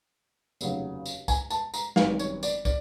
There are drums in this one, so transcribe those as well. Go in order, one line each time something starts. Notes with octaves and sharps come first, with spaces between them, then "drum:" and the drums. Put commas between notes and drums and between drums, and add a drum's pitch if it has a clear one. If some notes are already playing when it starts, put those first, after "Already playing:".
F1 D#2 C#3 F#3, drum: tambourine
drum: tambourine
G#5, drum: kick, tambourine
A5, drum: tambourine
A#5, drum: tambourine
G#1 F#2 D#3 G3 F5, drum: snare
C#5, drum: tambourine
D5, drum: tambourine
D5, drum: kick, tambourine